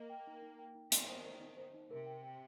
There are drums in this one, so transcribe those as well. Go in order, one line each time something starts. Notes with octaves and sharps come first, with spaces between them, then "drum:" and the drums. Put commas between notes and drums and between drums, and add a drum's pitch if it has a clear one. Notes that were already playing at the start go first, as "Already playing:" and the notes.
Already playing: A#3 D#5
G5
D#4
D#4
G5
D#4
D#3 C6, drum: hi-hat
C5
C5
D#4
C5
D#4
C3 A#4
G5
G5